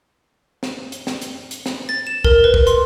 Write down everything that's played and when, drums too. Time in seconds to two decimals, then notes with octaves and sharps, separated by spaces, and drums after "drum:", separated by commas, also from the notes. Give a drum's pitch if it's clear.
0.63 drum: snare
0.92 drum: hi-hat
1.07 drum: snare
1.22 drum: hi-hat
1.51 drum: hi-hat
1.66 drum: snare
1.89 A6
2.07 E7
2.24 A#4, drum: kick
2.44 B4
2.54 drum: kick
2.67 C6, drum: hi-hat